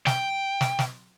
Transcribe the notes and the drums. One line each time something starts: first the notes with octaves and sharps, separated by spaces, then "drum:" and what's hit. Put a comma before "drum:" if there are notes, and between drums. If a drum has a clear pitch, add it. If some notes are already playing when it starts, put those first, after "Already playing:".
G5, drum: snare
drum: snare
drum: snare